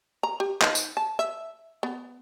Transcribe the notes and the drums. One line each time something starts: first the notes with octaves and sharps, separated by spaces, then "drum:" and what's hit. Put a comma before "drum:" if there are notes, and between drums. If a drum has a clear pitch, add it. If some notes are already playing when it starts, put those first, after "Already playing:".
A#5
G4
D#4, drum: clap
drum: tambourine
A5
E5
B3